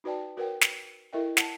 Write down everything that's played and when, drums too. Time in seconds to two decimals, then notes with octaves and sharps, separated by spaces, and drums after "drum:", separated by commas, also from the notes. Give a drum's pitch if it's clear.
0.04 D#4 F#4 B4 D5 G5 A5
0.37 F#4 A#4 B4 C#5 F#5 G5
0.61 drum: snare
1.13 E4 A4 A#4 D#5 E5 G5
1.37 F#5 A5, drum: snare